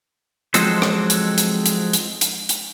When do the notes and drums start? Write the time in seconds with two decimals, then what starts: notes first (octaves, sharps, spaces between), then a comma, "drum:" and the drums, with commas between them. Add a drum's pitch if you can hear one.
0.54 F3 F#3 G#3 C4 A4 C5, drum: hi-hat
0.82 drum: rim click
1.10 drum: hi-hat
1.38 drum: hi-hat
1.66 drum: hi-hat
1.93 drum: hi-hat
2.21 drum: hi-hat
2.49 drum: hi-hat